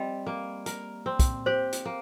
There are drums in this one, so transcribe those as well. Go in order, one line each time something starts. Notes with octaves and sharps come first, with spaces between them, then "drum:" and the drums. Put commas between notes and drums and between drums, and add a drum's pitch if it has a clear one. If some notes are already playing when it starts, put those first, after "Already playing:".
Already playing: G3 C4 D#5
A#3
A#4, drum: hi-hat
C4
drum: kick, hi-hat
G4 C5
drum: hi-hat
A#3